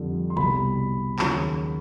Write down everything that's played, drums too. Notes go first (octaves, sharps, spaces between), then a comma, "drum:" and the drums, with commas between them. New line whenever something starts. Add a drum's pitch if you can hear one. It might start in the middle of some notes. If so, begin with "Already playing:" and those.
Already playing: F2 D3 G3
C6
C2 B2 G3 B5, drum: tom B2
D#2 C#3 F#3, drum: clap